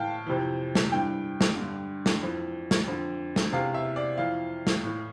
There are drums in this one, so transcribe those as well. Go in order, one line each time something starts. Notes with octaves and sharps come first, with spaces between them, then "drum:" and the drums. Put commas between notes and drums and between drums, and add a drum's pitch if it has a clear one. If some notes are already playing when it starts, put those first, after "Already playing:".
Already playing: A2 E3 F5 G5 A5
F2 C3 E3
drum: snare
G2 E3 G5
drum: snare
G2 D3
drum: snare
F2 E3
drum: snare
F2 D3
drum: snare
E2 C3 E3 F5
E5
D5
F2 E3 F5
drum: snare
A2 E3